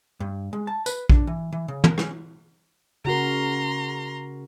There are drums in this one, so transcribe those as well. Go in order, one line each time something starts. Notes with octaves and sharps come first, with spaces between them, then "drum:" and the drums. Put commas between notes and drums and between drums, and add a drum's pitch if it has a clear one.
G2
G#3
A5
B4, drum: tambourine
D4, drum: kick A#1
E3
E3
C#3
A#4, drum: tom
C#4, drum: rim click
C#3 F#4 A#4 A#5 C6